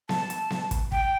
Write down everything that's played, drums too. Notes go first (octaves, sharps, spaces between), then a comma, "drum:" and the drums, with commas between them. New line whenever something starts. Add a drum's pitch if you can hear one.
A5, drum: snare B3
drum: hi-hat
drum: snare B3
drum: kick, hi-hat
G5, drum: kick